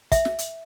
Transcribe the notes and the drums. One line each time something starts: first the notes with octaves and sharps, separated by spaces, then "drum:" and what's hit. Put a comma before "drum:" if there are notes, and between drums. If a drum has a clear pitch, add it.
E5, drum: kick, hi-hat
drum: snare
drum: hi-hat